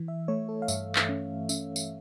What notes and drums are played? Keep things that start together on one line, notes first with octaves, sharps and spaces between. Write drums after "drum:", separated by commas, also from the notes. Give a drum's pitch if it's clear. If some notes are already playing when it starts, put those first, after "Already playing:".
Already playing: E3
E5
A3 C#5
A4
F5
G2 E5, drum: tambourine
drum: clap
C#4
C#4 E5, drum: tambourine
drum: tambourine